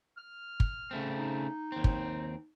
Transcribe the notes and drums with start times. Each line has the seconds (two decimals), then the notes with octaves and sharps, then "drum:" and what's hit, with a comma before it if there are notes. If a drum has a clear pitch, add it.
0.18 F6
0.60 drum: kick
0.91 C#3 A3 C4
1.17 D#4
1.72 D#2 C4
1.84 drum: kick